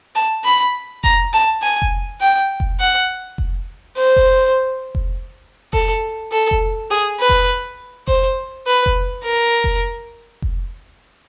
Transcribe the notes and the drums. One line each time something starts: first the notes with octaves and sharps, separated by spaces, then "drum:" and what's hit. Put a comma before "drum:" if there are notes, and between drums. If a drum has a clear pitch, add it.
A5
B5
A#5, drum: kick F1
A5
G#5
drum: kick F1
G5
drum: kick F1
F#5
drum: kick F1
C5
drum: kick F1
drum: kick F1
A4, drum: kick F1
A4
drum: kick F1
G#4
B4
drum: kick F1
C5, drum: kick F1
B4
drum: kick F1
A#4
drum: kick F1
drum: kick F1